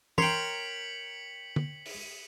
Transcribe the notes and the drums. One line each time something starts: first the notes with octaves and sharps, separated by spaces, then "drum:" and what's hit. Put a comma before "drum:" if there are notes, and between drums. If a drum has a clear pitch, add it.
A#4 C#5 G5 C6 B6 C#7 F#7, drum: tom
drum: tom
drum: open hi-hat